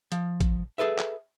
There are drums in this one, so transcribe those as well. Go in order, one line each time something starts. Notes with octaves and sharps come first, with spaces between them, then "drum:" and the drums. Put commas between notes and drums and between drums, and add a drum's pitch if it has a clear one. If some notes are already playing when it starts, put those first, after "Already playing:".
F3, drum: hi-hat
drum: kick A1, hi-hat
G#4 A4 B4 E5
drum: clap